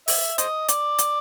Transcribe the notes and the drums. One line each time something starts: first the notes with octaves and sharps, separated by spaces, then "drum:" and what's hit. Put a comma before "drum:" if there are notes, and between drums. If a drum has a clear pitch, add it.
E5, drum: open hi-hat
C5 D#5, drum: hi-hat
D5, drum: hi-hat
drum: hi-hat